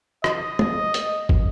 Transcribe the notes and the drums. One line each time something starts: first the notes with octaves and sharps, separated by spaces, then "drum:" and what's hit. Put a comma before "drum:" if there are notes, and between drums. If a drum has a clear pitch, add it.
D#5, drum: rim click
drum: tom
drum: hi-hat
drum: kick